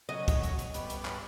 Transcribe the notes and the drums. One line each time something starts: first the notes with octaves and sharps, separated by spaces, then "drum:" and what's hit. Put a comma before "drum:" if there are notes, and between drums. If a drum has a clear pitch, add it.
C#3 F#3 D#5
drum: kick, hi-hat
drum: hi-hat
drum: hi-hat
G2 B3, drum: hi-hat
drum: hi-hat
drum: clap